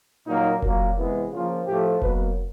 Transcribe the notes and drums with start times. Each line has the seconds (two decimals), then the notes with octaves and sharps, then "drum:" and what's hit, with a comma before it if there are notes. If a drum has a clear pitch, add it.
0.27 A#2 F#3 A#3 D#4
0.62 A#2 F#3 A#3, drum: kick F1
0.97 C3 E3 G#3 B3 E4
1.32 C#3 F3 A#3 F4
1.67 A2 F3 A3 G4
2.02 B2 F#3 A#3 B4, drum: kick F1